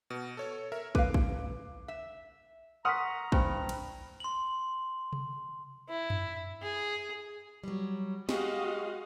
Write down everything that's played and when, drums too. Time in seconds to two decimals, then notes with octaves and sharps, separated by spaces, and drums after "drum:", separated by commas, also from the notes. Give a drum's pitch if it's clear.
0.10 B2
0.37 A4 C#5
0.72 A#4 E5
0.95 B4 F5 D6, drum: kick
1.14 drum: kick
1.88 E5
2.85 F#5 A#5 C6 C#6 D#6 F6 B6
3.32 G2 C5 G5 B5, drum: kick
3.69 drum: cymbal
4.20 C6 F#7
5.13 drum: tom C3
5.89 E4
6.10 drum: tom F#2
6.62 G#4
7.64 F#3 G3
8.29 G#3 F#4 G4 D#5 F5, drum: snare